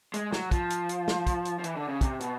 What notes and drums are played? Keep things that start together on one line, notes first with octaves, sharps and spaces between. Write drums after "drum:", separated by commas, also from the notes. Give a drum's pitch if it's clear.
G#3, drum: hi-hat
F#3, drum: snare
F3, drum: kick, hi-hat
drum: hi-hat
drum: hi-hat
drum: snare
drum: kick, hi-hat
drum: hi-hat
F3
E3, drum: hi-hat
D3
C#3
C3, drum: kick, hi-hat
B2, drum: hi-hat